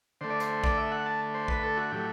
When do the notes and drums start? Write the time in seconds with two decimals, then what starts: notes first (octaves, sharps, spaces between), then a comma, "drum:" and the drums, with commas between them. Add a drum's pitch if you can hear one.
0.21 D3 A3 C5
0.30 D5
0.40 C5, drum: hi-hat
0.64 D5, drum: kick A#1
0.77 E5
0.92 F#5
1.06 A5
1.34 C5
1.48 B4, drum: kick A#1
1.63 A4
1.77 F#4
1.92 A2 F#3 A3 G4